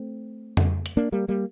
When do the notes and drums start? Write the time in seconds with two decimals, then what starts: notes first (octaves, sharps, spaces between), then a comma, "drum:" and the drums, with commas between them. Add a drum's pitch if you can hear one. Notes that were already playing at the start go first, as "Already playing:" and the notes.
Already playing: A3 C4
0.57 drum: tom F2
0.86 drum: hi-hat
0.97 A#3 D4
1.12 G3 A#3
1.28 G3 A#3